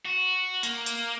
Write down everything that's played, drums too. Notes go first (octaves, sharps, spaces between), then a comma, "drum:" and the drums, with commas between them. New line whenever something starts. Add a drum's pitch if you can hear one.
F#4
A#3, drum: hi-hat
drum: hi-hat